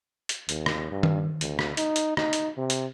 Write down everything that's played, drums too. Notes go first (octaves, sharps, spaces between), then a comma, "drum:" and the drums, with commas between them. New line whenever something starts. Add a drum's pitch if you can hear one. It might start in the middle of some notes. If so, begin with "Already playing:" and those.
drum: hi-hat
D#2, drum: hi-hat
drum: rim click
G2
drum: tom D#3
D2, drum: hi-hat
drum: rim click
D#4, drum: hi-hat
drum: hi-hat
D#4, drum: rim click
drum: hi-hat
C3
drum: hi-hat